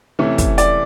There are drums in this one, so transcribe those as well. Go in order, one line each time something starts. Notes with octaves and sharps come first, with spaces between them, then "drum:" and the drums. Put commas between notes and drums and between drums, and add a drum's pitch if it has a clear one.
C3 E3 A3 C#4
drum: kick, hi-hat
D5, drum: hi-hat